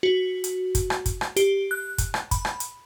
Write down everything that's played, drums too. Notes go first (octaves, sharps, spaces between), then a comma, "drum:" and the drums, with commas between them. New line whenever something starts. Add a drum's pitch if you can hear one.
F#4
drum: hi-hat
drum: kick, hi-hat
drum: rim click
drum: kick, hi-hat
drum: rim click
G4, drum: hi-hat
F#6
drum: kick, hi-hat
drum: rim click
B5, drum: kick, hi-hat
drum: rim click
drum: hi-hat